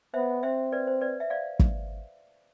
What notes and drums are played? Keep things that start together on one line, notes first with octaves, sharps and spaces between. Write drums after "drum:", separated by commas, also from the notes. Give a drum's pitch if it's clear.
B3 C5 E5
C4 C5 E5
B4 D5
C5
B4 D5
E5
D5 F5
drum: kick